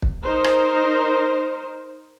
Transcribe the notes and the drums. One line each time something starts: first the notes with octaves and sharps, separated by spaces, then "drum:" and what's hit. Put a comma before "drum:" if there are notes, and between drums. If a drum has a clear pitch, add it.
drum: kick
D#4 A#4 C5
drum: rim click